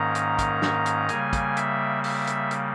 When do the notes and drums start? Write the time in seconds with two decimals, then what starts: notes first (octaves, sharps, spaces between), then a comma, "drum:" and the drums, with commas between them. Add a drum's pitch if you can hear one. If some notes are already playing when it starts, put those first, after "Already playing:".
Already playing: G#2 D#3 A#3 C#4 A#5
0.15 drum: hi-hat
0.38 drum: kick, hi-hat
0.62 drum: snare
0.86 drum: hi-hat
1.09 C#3 G3 A#3 G#5, drum: hi-hat
1.33 drum: kick, hi-hat
1.57 E5, drum: hi-hat
2.04 E5, drum: open hi-hat
2.27 drum: hi-hat
2.51 drum: hi-hat